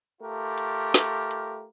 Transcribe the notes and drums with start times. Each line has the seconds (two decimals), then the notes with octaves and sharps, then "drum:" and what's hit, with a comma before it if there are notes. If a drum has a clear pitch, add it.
0.21 A3 F4 G4 A#4
0.58 drum: hi-hat
0.94 drum: snare
1.31 drum: hi-hat